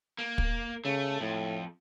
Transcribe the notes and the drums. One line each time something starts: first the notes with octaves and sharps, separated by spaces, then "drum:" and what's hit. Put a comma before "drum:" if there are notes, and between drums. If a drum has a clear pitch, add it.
A#3
drum: kick
C#3 A3
F2 A2